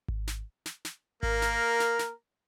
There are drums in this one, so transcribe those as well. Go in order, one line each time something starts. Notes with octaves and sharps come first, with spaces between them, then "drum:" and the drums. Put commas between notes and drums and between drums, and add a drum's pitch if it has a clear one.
drum: kick G#1
drum: snare
drum: snare
drum: snare
A#3 A#4, drum: kick G#1
drum: snare
drum: snare
drum: snare